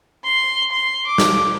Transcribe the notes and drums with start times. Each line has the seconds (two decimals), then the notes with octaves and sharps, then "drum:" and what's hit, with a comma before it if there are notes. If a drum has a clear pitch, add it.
0.24 C6
0.72 C6
1.07 D6
1.18 drum: snare